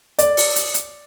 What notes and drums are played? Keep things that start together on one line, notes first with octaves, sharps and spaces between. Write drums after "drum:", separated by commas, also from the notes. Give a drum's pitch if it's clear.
D5, drum: hi-hat
drum: open hi-hat
drum: hi-hat
drum: hi-hat